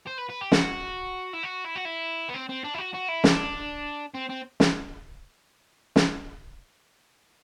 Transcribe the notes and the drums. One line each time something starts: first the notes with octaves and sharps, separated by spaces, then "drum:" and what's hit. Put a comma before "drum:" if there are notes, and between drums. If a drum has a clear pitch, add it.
C5
B4
B4
G4
F#4, drum: snare
E4
F#4
E4
F#4
E4
B3
C4
C4
D4
E4
F#4
F#4
E4
D4, drum: snare
C4
C4
drum: snare
drum: snare